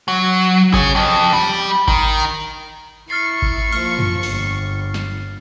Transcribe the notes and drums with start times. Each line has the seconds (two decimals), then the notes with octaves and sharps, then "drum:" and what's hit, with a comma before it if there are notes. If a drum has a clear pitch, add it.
0.08 F#3
0.74 G#4 C#5, drum: kick G#1
0.95 F2
1.33 G3
1.88 D#3, drum: kick G#1
2.20 drum: tambourine
3.10 E4 C#6 F6 A6 C7
3.42 drum: kick G#1
3.72 F3 A#3 F6, drum: cymbal
3.99 drum: tom
4.23 G1, drum: open hi-hat
4.94 drum: snare